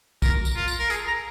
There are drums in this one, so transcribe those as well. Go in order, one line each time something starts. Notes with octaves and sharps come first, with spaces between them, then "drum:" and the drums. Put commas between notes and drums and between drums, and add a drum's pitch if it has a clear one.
A#4, drum: kick, tambourine
drum: tambourine
F4
drum: tambourine
A#4
G#4, drum: tambourine
A#5